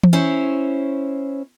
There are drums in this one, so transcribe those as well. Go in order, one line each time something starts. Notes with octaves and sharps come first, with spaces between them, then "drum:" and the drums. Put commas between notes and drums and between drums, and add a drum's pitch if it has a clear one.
drum: tom E3
C#4 E4 C5 C#5